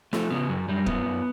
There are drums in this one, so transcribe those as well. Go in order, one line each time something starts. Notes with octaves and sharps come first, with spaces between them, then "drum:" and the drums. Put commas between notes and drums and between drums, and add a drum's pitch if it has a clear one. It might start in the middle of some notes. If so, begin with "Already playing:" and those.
F3 A3, drum: snare
C#3 B3
F#2 F#3
F#2 G3
F#2 B3, drum: kick
F#2